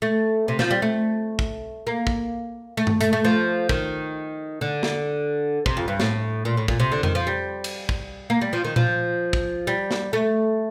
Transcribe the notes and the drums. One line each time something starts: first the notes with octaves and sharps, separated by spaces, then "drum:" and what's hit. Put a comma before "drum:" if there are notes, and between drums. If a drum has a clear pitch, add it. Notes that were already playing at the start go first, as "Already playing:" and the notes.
A3
C3
F3, drum: snare
G3
A3
drum: kick
A#3
drum: kick
A3
drum: tom G2
A3, drum: hi-hat
A3
F3
D#3, drum: kick
D3
drum: snare
C3, drum: kick
F2
G2
A2, drum: snare
A#2
A2
A#2, drum: kick
C3
D3
D#3, drum: tom F2
F3
G3
drum: cymbal
drum: kick
A#3
G3
F3
D#3
F3, drum: tom A#2
drum: kick
G3
drum: snare
A3